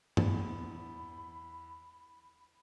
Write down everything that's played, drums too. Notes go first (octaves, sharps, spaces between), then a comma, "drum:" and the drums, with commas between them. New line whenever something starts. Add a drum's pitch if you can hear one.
E2 B5, drum: tom G2